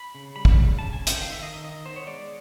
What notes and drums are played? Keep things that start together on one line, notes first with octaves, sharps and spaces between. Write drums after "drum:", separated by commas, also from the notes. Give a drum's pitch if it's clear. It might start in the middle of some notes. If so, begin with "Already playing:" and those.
Already playing: B5
C#3
G3 B5
drum: kick
C#3
C#3 A5
G#5
C#3
G5, drum: hi-hat
D#3 F5
E5
D#3 D#5
D#5
D#3 D#5
B3 C5
C#5
G#3 D5